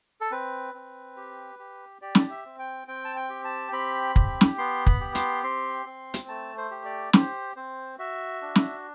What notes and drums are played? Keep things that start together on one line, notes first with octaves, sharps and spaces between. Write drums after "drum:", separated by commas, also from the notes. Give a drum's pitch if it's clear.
A4
C4 B4
C4
G4
G4
G4 D5
drum: snare
E5
C4
G5
C4 G5
A5
G5
G4
A5
C4 B5
G4, drum: kick
drum: snare
B3 C6
B5, drum: kick
G4
C6, drum: hi-hat
C4 C6
C4
drum: hi-hat
A3 A5
C5
G4
D5
G4 C5, drum: snare
C4 C5
F#4 E5
D4
drum: snare